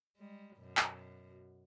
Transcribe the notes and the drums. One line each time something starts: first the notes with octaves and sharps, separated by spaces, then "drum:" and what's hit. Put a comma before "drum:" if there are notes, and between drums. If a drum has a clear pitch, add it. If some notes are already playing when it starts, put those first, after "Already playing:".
G3 G#3
F#2 B2
drum: clap